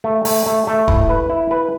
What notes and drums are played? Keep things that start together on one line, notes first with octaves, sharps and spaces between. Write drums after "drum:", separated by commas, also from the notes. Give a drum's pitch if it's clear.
A3
A3, drum: open hi-hat
A3
A3
E4, drum: kick D1
B4
E4
B4